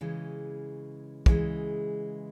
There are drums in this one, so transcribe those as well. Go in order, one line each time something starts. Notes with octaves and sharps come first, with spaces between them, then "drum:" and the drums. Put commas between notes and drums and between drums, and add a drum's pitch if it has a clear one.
C#3 E3 G#3 C#4
C#3 E3 G#3, drum: kick